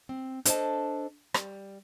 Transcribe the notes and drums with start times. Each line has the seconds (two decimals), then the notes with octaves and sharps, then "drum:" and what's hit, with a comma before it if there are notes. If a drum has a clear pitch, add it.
0.09 C4
0.45 D4 A4 C5 C#5 D#5 A5, drum: hi-hat
1.34 G3, drum: rim click